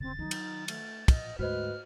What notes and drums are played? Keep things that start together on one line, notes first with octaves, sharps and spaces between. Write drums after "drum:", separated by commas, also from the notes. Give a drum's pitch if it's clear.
E1 C#3 C4 A6
D#3 F#3 D#4
drum: cymbal
A3, drum: cymbal
A#1 D#5, drum: kick, cymbal
D2 G#2 F#4 B4 C5 D#5 F6